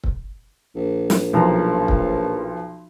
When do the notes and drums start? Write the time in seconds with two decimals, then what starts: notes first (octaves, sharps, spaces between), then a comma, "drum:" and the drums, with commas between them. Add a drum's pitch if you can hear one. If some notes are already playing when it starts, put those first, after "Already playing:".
0.04 drum: kick C#1
0.75 A#1
1.10 drum: snare
1.33 B1 F3 A#5
1.88 drum: kick C#1